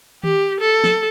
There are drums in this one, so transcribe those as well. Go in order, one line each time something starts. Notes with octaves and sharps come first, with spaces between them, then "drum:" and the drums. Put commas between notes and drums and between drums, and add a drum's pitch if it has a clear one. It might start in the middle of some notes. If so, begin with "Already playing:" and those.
G4, drum: tom D#3
A4
drum: snare